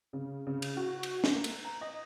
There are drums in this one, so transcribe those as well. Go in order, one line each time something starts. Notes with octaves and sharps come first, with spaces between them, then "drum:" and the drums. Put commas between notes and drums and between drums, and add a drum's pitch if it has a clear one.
C#3
C#3
drum: cymbal
F#4
drum: cymbal
drum: snare
A#3
drum: cymbal
A#5
D#5